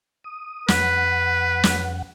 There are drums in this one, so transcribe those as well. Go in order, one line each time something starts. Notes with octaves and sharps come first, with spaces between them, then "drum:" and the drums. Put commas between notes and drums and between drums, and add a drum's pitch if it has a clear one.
D#6
F2 B4 F#5, drum: snare
drum: snare